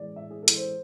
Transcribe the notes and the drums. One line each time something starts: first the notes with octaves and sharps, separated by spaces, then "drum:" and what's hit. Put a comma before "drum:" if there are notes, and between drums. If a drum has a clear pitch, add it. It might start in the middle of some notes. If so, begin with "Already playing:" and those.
Already playing: A2 E3 G#3 D5
A2 E5
G#4
G#3 A4
E3, drum: hi-hat
C5